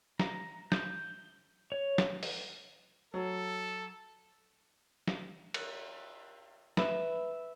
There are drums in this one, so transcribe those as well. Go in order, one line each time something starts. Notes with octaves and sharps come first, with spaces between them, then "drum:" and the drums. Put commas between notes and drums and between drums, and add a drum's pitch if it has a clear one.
A#5, drum: snare
G6, drum: snare
C#5
drum: snare
drum: open hi-hat
F#3 A4
drum: snare
drum: cymbal
B4 E5, drum: snare